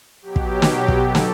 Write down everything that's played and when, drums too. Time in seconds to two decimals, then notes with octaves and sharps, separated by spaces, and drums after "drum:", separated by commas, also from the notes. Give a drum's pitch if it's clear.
0.22 B2 F#3 G4
0.36 drum: kick
0.62 drum: snare
0.88 drum: kick
1.01 F#3 A4
1.15 drum: snare